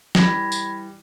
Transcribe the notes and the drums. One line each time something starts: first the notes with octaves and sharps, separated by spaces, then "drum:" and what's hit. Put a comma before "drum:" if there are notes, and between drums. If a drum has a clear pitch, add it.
E3 G3 B5 G#6 A#6, drum: snare
drum: tambourine